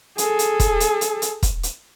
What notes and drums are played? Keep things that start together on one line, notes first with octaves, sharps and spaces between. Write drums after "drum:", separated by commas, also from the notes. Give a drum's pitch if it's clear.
G#4 A4, drum: hi-hat
drum: hi-hat
drum: kick, hi-hat
drum: hi-hat
drum: hi-hat
drum: hi-hat
drum: kick, hi-hat
drum: hi-hat